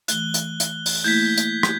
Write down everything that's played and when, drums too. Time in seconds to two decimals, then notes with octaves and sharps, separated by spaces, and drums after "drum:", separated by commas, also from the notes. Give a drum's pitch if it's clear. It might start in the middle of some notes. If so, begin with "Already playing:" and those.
0.08 E3 A3 F#6 G7, drum: hi-hat
0.34 drum: hi-hat
0.60 drum: hi-hat
0.86 drum: open hi-hat
1.04 A3 A#3 E4 G6 G#6 B6
1.37 drum: hi-hat
1.63 drum: rim click